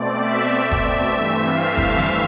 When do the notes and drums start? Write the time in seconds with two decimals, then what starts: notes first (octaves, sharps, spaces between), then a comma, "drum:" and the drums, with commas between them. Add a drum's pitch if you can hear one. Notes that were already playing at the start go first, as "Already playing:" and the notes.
Already playing: B2 A3 C4 D5
0.19 E5
0.51 E5
0.71 drum: kick F#1
1.13 G2 E3 A3 C4 E5
1.45 F5
1.77 E5, drum: kick F#1
1.98 drum: snare